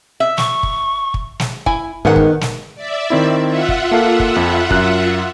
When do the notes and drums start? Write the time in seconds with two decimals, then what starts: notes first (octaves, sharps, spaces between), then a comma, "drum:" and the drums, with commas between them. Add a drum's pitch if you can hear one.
0.20 E5
0.38 C#6, drum: snare
0.63 drum: kick
1.14 drum: kick
1.40 drum: snare
1.66 E4 G#5, drum: kick
2.05 G#2 D#3 B3 C#4 F#5
2.16 drum: kick
2.41 drum: snare
2.75 D5 E5
3.10 D#3 C4 E4
3.47 F4 E5 F#5
3.69 drum: kick
3.91 A#3 A4 F5
4.20 drum: kick
4.36 F2
4.70 F#2 F#6, drum: kick